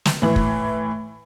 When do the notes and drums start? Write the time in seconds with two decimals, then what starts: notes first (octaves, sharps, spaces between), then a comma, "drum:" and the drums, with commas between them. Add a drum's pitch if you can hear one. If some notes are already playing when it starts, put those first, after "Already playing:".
0.05 drum: snare
0.22 A2 E3
0.36 drum: kick